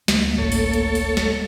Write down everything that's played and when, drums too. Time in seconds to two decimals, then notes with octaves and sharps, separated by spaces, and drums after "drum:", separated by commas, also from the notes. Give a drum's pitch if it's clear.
0.08 D2 A#3, drum: snare
0.38 D1 A1 A2 A4 C#5
0.52 drum: open hi-hat
0.73 drum: hi-hat
0.95 drum: open hi-hat
1.17 drum: snare